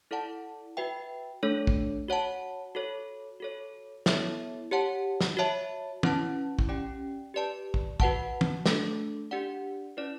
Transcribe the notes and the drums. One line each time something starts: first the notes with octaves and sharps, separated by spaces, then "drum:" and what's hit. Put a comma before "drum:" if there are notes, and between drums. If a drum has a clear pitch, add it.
E4 A4 D5 F#5 A5
F#4 B4 E5 G5
A3 D4 A4 C#5
drum: kick
F#4 C#5 F#5 A5
F#4 A4 C#5
F#4 A4 C#5
B3 E4 A4 C#5 E5, drum: snare
G4 C#5 F#5 A5
drum: snare
F#4 C#5 E5 A5
C#4 E4 B4 F#5 A5, drum: tom
drum: kick
C#4 G4 D5 G5
G4 B4 D5 A5
drum: kick
F#4 B4 F#5 A5, drum: kick
drum: tom
A3 D4 A4, drum: snare
D4 G4 D5 F#5
C#4 E4 B4 D5